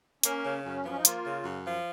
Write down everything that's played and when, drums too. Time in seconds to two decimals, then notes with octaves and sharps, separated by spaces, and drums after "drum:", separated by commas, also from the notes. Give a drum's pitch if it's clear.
0.23 A#3 C#4, drum: hi-hat
0.44 C#3
0.64 F#2 C#4
0.83 F3 B3
0.90 C#4
0.97 D#4
1.05 A#3 F4, drum: hi-hat
1.25 C#3
1.45 F#2
1.65 F3